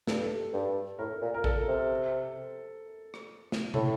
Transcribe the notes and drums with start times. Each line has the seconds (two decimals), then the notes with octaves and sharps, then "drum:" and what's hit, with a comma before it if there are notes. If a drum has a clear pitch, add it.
0.07 G2 A4, drum: snare
0.16 G4
0.23 A4
0.53 G2
0.99 A2 A#4
1.22 A#2
1.34 A#4
1.44 A#2 A4, drum: kick A1
1.68 C3
3.14 drum: rim click
3.52 drum: snare
3.74 A2 A4, drum: tom